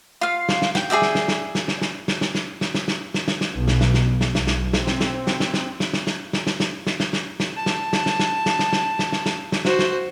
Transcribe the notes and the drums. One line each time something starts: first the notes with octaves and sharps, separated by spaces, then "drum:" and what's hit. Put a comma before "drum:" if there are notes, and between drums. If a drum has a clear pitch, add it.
F4 F5
drum: snare
drum: snare
G5, drum: snare
G#4 D5 E5 G5
drum: snare
drum: snare
drum: snare
drum: snare
drum: snare
drum: snare
drum: snare
drum: snare
drum: snare
drum: snare
drum: snare
drum: snare
drum: snare
drum: snare
drum: snare
B1
drum: snare
drum: snare
drum: snare
drum: snare
B1, drum: snare
drum: snare
C4, drum: snare
drum: snare
drum: snare
drum: snare
drum: snare
drum: snare
drum: snare
drum: snare
drum: snare
drum: snare
drum: snare
drum: snare
drum: snare
drum: snare
drum: snare
drum: snare
A5
drum: snare
drum: snare
drum: snare
drum: snare
drum: snare
drum: snare
drum: snare
drum: snare
drum: snare
drum: snare
drum: snare
F#4 C5, drum: snare
drum: snare